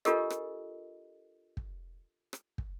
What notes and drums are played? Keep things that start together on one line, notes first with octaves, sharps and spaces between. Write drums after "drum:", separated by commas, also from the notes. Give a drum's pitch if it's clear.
D4 F4 G4 A4 A#4 D#5, drum: rim click
drum: rim click
drum: kick
drum: rim click
drum: kick